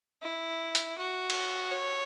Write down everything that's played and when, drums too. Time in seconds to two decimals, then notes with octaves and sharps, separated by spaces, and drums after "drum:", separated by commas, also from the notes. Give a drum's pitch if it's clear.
0.22 E4
0.75 drum: hi-hat
0.98 F#4
1.30 drum: cymbal
1.71 C#5